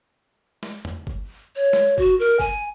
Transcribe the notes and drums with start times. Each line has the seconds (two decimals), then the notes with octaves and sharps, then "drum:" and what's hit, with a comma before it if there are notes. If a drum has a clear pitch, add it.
0.63 drum: snare G#3
0.85 drum: tom E2
1.07 drum: kick G1
1.56 C#5
1.73 drum: snare G#3
1.98 F#4, drum: kick G1
2.20 A#4
2.40 G#5, drum: kick G1